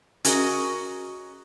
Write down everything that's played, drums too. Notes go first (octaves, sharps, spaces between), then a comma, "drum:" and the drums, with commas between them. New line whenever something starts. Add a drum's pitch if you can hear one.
C#4 F#4 G#4 A#4 D#5, drum: hi-hat